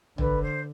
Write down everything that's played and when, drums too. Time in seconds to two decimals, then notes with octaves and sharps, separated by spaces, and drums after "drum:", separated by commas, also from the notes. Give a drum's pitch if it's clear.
0.18 D3 B4, drum: tom
0.41 C5